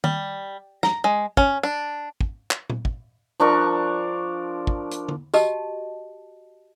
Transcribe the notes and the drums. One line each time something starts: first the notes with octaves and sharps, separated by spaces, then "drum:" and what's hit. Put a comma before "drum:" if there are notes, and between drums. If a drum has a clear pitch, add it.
G3, drum: tom
A#5, drum: snare
G#3
C#4, drum: kick
D4
drum: kick
drum: clap
drum: tom A#2
drum: kick
F3 D4 A#4 C#6
drum: kick
drum: hi-hat
drum: tom
F#4 G4 D#5 A5, drum: tambourine